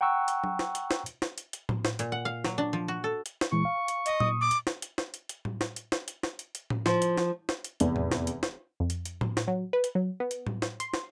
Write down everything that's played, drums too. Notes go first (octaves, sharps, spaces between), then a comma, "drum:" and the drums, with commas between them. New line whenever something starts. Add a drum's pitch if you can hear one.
F#5 G5 A#5 C#6 E6 F#6
drum: hi-hat
drum: tom F#3
drum: snare
drum: hi-hat
drum: snare
drum: hi-hat
drum: snare
drum: hi-hat
drum: hi-hat
drum: tom A2
drum: snare
A#2, drum: hi-hat
F#5
F5
F#3, drum: snare
D4
F3
F#4
A4
drum: hi-hat
drum: snare
A#2 E3 G#3 C#6
F5
drum: hi-hat
D#5, drum: hi-hat
A#2 D#6, drum: tom A#2
D6
drum: hi-hat
drum: snare
drum: hi-hat
drum: snare
drum: hi-hat
drum: hi-hat
drum: tom A2
drum: snare
drum: hi-hat
drum: snare
drum: hi-hat
drum: snare
drum: hi-hat
drum: hi-hat
drum: tom A2
F3, drum: snare
drum: hi-hat
drum: snare
drum: snare
drum: hi-hat
F1 E2, drum: hi-hat
drum: tom A2
drum: snare
drum: hi-hat
drum: snare
F2
drum: hi-hat
drum: hi-hat
drum: tom A2
drum: snare
F#3
B4
drum: hi-hat
F#3
B3
drum: hi-hat
drum: tom A2
drum: snare
C6, drum: hi-hat
drum: snare